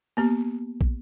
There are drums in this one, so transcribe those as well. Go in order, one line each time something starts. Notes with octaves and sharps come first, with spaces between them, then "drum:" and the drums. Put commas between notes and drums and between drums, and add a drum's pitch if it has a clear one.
A#3 B3 G4
drum: kick